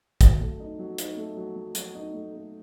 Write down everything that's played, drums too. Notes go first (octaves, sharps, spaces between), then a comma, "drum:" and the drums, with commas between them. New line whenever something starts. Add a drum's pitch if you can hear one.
F#3, drum: kick, hi-hat
A3
D#4
F#3
D#4, drum: hi-hat
A3
F#3
F#3
F#3, drum: hi-hat
D#4
A3
A3